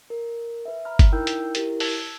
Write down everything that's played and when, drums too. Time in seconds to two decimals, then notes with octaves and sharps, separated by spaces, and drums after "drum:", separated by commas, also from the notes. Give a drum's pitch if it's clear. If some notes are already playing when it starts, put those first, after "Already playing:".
0.10 A#4
0.65 B4 E5
0.85 A#5 B5 F6
0.99 drum: kick G1, hi-hat
1.12 D#4 E4 A#4 G5 E6 G6
1.27 drum: hi-hat
1.55 E4 G4 A#4, drum: hi-hat
1.80 A5 E6 G#6, drum: open hi-hat